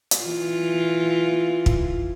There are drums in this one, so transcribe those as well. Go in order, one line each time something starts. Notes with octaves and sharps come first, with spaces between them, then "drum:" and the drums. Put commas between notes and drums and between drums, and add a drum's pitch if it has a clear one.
drum: hi-hat
E3 F4
drum: kick